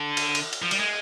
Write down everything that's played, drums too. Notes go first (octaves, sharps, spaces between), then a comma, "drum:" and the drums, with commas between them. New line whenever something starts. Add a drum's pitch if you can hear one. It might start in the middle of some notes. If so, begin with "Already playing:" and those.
Already playing: D3
drum: cymbal
drum: cymbal
drum: cymbal
F3
G3, drum: cymbal
G#3